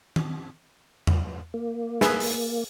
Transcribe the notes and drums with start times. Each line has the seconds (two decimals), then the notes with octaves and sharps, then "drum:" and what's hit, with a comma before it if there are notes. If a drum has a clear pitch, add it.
0.16 drum: tom D#3
1.07 drum: tom E2
1.54 A#3
2.01 G#4 B4 E5, drum: snare
2.20 drum: open hi-hat